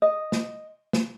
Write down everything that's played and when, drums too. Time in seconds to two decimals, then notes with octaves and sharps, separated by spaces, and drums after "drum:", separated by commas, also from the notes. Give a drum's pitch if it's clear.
0.02 D#5
0.32 drum: snare
0.93 drum: snare